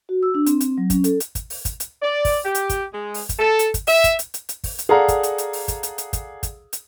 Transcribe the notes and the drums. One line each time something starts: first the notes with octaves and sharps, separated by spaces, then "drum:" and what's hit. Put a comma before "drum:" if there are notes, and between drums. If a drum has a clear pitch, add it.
F#4
E6
D4
C4, drum: hi-hat
C4, drum: hi-hat
F#3
C#4, drum: kick, hi-hat
A4, drum: hi-hat
drum: hi-hat
drum: kick, hi-hat
drum: open hi-hat
drum: kick, hi-hat
drum: hi-hat
D5
drum: kick, open hi-hat
G4
drum: hi-hat
drum: kick, hi-hat
G#3
drum: open hi-hat
drum: kick, hi-hat
A4
drum: hi-hat
drum: kick, hi-hat
E5, drum: open hi-hat
drum: kick, hi-hat
drum: hi-hat
drum: hi-hat
drum: hi-hat
drum: kick, open hi-hat
drum: hi-hat
G#4 A4 D5 F5 F#5 A#5
drum: kick, hi-hat
drum: hi-hat
drum: hi-hat
drum: open hi-hat
drum: kick, hi-hat
drum: hi-hat
drum: hi-hat
drum: kick, hi-hat
drum: kick, hi-hat
drum: hi-hat